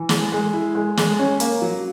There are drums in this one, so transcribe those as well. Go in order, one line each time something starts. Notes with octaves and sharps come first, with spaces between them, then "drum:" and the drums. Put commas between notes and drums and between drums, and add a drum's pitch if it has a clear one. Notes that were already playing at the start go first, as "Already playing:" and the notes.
Already playing: E3
G#3, drum: snare
G#3
E4
G#3
G#3, drum: snare
C#4
A#3, drum: hi-hat
F#3